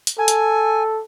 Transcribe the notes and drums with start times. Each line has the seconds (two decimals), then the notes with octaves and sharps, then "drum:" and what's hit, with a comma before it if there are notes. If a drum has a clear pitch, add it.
0.07 drum: hi-hat
0.18 A4 G#5
0.28 drum: hi-hat